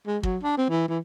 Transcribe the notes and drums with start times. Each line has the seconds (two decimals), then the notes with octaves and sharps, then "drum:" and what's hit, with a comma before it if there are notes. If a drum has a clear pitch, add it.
0.07 G#3
0.23 F#3, drum: kick
0.43 D4
0.57 C4
0.69 E3
0.88 E3